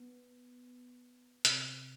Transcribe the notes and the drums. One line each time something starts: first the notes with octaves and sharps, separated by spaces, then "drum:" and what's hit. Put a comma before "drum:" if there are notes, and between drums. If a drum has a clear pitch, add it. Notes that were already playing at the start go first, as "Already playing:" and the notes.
Already playing: B3
C3 C4, drum: hi-hat